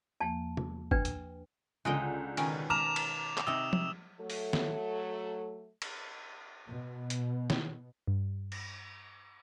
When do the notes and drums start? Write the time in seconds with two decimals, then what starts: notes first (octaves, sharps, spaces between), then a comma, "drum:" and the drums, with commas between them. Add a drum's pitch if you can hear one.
0.21 E2 F3 A#3 A5
0.57 drum: tom
0.91 D4 B4 G5, drum: kick
1.05 drum: hi-hat
1.85 C#2 D3 G#3 D#5 G5
2.37 B2 D#3 C#4, drum: cymbal
2.70 A5 A#5 D6 F6 E7 F7
2.96 drum: cymbal
3.38 drum: clap
3.47 C3 D#4 D#6 E6
3.73 drum: tom F3
4.19 F#3 A3 A4
4.30 drum: open hi-hat
4.53 drum: snare
5.82 drum: cymbal
6.68 B2
7.10 drum: hi-hat
7.50 drum: snare
8.07 G2
8.52 drum: cymbal